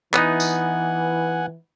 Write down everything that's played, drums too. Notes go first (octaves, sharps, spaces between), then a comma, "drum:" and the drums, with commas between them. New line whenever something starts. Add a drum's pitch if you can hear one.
E3 B3 D#4 F#5 G#5, drum: clap
drum: tambourine